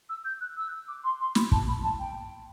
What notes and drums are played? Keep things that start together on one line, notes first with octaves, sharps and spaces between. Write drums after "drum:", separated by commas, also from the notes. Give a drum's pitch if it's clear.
E6
G6
F#6
E6
D6
C6
C6
B5, drum: snare
A5, drum: kick
B5
A5
G5